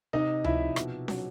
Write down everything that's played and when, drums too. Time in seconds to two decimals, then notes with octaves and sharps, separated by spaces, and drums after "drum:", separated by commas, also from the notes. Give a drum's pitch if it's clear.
0.13 C3 D#4 D#5
0.44 F3 E4 E5, drum: tom C#2
0.76 B2, drum: rim click
1.08 F#3, drum: snare